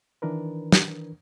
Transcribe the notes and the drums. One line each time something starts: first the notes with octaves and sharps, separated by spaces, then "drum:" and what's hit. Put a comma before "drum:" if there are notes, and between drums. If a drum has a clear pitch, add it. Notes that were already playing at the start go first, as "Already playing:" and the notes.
D#3 E3 D4 A#4 B4
drum: snare